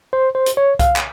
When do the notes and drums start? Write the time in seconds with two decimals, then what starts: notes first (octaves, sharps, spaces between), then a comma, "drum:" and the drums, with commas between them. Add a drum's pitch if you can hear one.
0.13 C5
0.35 C5
0.46 drum: hi-hat
0.57 C#5
0.79 F5, drum: kick C2, hi-hat
0.96 drum: clap